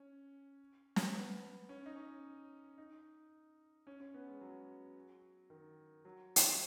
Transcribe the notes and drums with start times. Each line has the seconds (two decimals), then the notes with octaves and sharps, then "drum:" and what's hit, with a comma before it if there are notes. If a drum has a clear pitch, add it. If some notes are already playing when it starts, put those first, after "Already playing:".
Already playing: C#4
0.96 drum: snare
1.14 B3
1.69 C#4
1.86 D#4
1.96 C#4
2.78 D#4
3.87 C#4
4.00 C#4
4.14 B3
4.28 G#3
4.41 F#3
5.50 D#3
6.05 F#3
6.36 drum: hi-hat